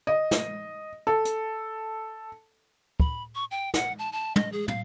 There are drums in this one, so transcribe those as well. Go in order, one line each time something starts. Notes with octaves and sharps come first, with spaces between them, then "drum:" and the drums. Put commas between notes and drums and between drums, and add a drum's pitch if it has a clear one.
D#5
drum: snare
A4
drum: hi-hat
B5, drum: kick
C#6
G5
F#5, drum: snare
A5
A5
D#5, drum: tom
G#4
F5, drum: tom